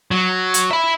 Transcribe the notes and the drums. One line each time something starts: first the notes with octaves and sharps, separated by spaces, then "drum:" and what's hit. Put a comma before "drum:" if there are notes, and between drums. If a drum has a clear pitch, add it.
F#3
drum: hi-hat
E5 B5